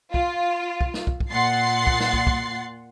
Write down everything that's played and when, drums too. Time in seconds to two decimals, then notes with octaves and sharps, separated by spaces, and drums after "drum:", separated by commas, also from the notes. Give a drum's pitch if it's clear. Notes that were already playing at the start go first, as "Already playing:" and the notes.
0.14 F4, drum: kick
0.81 drum: kick
0.94 drum: snare
1.07 drum: kick
1.20 drum: kick
1.30 A#2 F#5 C6 A6 C7
1.87 drum: kick
2.00 drum: snare
2.13 drum: kick
2.27 drum: kick